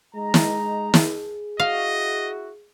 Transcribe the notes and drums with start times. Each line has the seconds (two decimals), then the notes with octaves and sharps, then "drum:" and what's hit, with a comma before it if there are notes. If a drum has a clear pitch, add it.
0.15 G#3 D#4 A#5
0.34 drum: snare
0.94 G#4, drum: snare
1.60 E4 F#4 D#5 F5